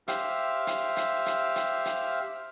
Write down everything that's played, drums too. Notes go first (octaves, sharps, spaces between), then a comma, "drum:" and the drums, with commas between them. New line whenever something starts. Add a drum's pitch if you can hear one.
G4 C5 E5 F5, drum: hi-hat
drum: hi-hat
drum: hi-hat
drum: hi-hat
drum: hi-hat
drum: hi-hat